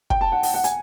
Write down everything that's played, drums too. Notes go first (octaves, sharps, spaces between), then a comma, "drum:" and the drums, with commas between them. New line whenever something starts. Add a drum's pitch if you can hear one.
G5, drum: kick
A5
F#5
F#5, drum: open hi-hat
F#5
G#5, drum: hi-hat